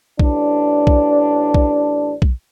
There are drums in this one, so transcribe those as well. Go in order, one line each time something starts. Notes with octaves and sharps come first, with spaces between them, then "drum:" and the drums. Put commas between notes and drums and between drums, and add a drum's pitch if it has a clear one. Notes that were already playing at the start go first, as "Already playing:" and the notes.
A1 D4, drum: kick
drum: kick
drum: kick
drum: kick